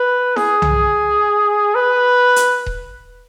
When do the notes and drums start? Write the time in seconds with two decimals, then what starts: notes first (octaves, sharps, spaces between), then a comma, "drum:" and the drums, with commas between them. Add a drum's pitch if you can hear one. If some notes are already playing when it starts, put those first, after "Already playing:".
Already playing: B4
0.36 G#4, drum: snare E4
0.62 drum: tom C2
1.75 B4
2.36 drum: hi-hat
2.66 drum: kick D#1